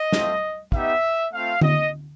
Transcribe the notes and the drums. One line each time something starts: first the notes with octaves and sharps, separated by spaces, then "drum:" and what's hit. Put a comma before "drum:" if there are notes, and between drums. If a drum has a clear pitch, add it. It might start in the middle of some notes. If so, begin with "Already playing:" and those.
Already playing: D#5
A3 C4 F4, drum: snare
B3 D#4 G4 E5, drum: kick
A3 C4 F4 F5
D#5, drum: tom D3